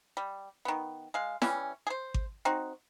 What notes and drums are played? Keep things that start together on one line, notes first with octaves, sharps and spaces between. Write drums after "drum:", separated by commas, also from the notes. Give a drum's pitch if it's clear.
G3
D#3 B3
G#3 F5
E3 G3 C#4, drum: snare
G#4 C5
drum: kick G#1
C4 D#4 F#4